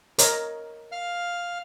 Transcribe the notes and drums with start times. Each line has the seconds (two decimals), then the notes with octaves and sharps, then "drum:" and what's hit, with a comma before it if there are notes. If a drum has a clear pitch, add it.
0.18 A#4 C#5 D#5, drum: hi-hat
0.92 F5 F6